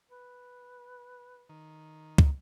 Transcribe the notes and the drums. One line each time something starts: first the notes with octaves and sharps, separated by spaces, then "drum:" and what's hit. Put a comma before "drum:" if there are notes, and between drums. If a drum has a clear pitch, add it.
B4
D#3
drum: kick